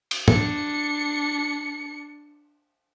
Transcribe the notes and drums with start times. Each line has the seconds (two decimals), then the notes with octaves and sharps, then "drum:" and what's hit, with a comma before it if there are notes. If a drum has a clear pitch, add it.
0.11 drum: cymbal
0.28 D4 C#7, drum: tom